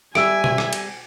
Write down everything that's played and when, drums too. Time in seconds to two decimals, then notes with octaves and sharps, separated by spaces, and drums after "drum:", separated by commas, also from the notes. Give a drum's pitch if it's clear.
0.15 G3 E5 G#5 E6 D7, drum: rim click
0.44 drum: tom B2
0.58 drum: rim click
0.73 drum: cymbal